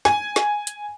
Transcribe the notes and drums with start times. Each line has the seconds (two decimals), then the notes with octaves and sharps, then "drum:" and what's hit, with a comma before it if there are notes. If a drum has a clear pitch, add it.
0.05 G#5, drum: snare
0.36 drum: snare
0.67 drum: hi-hat